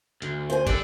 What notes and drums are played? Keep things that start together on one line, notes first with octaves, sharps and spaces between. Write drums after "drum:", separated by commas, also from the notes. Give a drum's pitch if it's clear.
D2, drum: hi-hat
C5 G#5
G3 D4 A4, drum: kick, open hi-hat